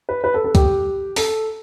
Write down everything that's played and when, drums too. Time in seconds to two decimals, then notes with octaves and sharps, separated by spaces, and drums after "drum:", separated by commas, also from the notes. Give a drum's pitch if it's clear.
0.09 B4
0.24 B4
0.34 A4
0.44 A4
0.55 G4, drum: kick, hi-hat
1.16 A4, drum: open hi-hat